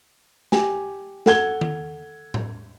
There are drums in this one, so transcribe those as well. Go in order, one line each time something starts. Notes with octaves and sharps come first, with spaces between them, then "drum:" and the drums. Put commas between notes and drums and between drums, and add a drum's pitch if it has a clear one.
G4 G#5, drum: snare
A4 F#5 G#6 G7, drum: snare
drum: tom D#3
drum: tom A2